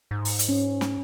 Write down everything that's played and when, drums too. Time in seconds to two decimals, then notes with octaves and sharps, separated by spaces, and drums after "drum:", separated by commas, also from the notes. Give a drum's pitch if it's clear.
0.11 G#2
0.25 drum: open hi-hat
0.39 drum: hi-hat
0.49 C#4
0.81 drum: snare